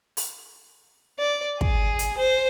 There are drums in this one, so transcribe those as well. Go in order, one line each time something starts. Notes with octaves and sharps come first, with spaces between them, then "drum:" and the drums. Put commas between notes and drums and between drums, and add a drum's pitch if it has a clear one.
drum: open hi-hat
D5
G#4, drum: kick
drum: hi-hat
C5